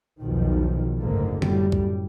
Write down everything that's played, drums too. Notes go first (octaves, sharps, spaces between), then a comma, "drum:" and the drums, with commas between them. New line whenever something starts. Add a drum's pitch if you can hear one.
B1 E2 B2 D#3 F3
F#1 D2 G#2 D3 A#3
F#2 A2 G3, drum: tom D3
drum: kick C2